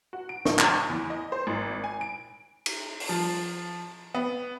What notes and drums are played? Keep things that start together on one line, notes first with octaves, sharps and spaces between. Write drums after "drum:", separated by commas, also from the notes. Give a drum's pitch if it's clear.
F#4
D7
C#6, drum: snare
F#2, drum: clap
C#6
E2
D#5
C5
G#1
G#5
D7
drum: cymbal
drum: open hi-hat
F3
B3